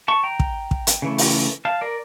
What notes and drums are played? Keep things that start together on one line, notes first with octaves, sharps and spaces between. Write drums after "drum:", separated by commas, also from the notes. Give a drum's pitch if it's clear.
A5 C#6
G5 A#5
drum: kick
drum: kick
drum: hi-hat
C#3 E3 A3
drum: open hi-hat
F5 A5
A#4 D5